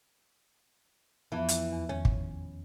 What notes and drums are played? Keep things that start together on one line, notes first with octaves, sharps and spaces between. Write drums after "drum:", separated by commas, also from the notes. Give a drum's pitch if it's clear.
F2 E3 F3 B3
drum: hi-hat
E2
D#3 C#4
drum: kick